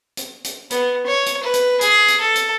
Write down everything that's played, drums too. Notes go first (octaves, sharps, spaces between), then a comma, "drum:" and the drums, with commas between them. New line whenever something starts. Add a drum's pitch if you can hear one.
drum: hi-hat
drum: hi-hat
B3, drum: hi-hat
C#5
drum: hi-hat
B4
drum: hi-hat
G#4, drum: hi-hat
drum: hi-hat
A4
drum: hi-hat